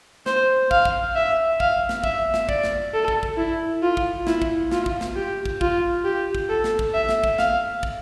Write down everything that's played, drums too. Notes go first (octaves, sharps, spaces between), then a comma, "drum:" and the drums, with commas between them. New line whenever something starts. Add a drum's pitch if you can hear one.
C5, drum: snare
F5, drum: kick
drum: kick
E5
F5, drum: kick
drum: snare
E5, drum: kick
drum: snare
D5, drum: kick
drum: snare
A4
drum: kick
drum: kick
E4
F4
drum: kick
E4, drum: snare
drum: kick
F4, drum: snare
drum: kick
drum: snare
G4
drum: kick
F4, drum: kick
G4
drum: kick
A4
drum: snare
drum: kick
E5
drum: snare
drum: kick
F5, drum: snare
drum: kick